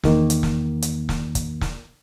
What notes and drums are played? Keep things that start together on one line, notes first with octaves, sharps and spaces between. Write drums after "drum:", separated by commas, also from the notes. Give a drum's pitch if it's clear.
E2 D#3 A#3, drum: snare
drum: hi-hat
drum: snare
drum: hi-hat
drum: snare
drum: kick, hi-hat
drum: snare